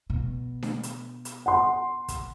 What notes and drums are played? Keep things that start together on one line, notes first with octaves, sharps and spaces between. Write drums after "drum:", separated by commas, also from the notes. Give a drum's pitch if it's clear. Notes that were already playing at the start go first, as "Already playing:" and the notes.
B2
drum: snare D4
drum: hi-hat
drum: hi-hat
F#5 C6
drum: kick, hi-hat